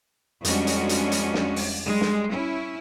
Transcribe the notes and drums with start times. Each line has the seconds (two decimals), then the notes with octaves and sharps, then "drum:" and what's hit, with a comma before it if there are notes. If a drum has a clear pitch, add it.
0.45 F2 G3 G#3 C#4 D4 F#4, drum: hi-hat
0.67 drum: hi-hat
0.89 drum: hi-hat
1.12 drum: hi-hat
1.34 drum: snare
1.56 drum: open hi-hat
1.86 G3 G#3
2.01 drum: snare
2.31 C#4 E4